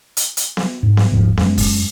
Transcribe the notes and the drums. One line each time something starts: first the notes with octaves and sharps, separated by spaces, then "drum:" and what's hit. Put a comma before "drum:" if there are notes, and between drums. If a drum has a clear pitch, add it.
drum: hi-hat
drum: hi-hat
drum: snare B3
G#2
drum: snare B3
D#1 G#2 F3
F#2 G#3, drum: snare B3
drum: kick, open hi-hat